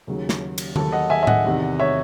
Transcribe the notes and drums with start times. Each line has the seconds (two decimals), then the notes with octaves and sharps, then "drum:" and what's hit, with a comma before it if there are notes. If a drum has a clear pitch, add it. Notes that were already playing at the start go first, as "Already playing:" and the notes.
0.07 D#2 C#3 F#3
0.29 drum: snare
0.58 drum: cymbal
0.76 D#2 D#3 F#3 A4, drum: tom D3
0.92 D#5 F#5
1.10 E5 G#5
1.23 E5
1.27 D#5 F#5, drum: tom A2
1.45 E2 C3 D#3
1.80 C#5 E5